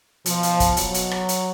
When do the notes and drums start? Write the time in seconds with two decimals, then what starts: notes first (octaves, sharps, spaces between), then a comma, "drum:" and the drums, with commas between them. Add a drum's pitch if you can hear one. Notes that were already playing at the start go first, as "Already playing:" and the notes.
0.26 B2 F3, drum: hi-hat
0.43 drum: hi-hat
0.60 drum: kick, hi-hat
0.77 F#3, drum: hi-hat
0.94 drum: hi-hat
1.11 drum: rim click
1.29 drum: hi-hat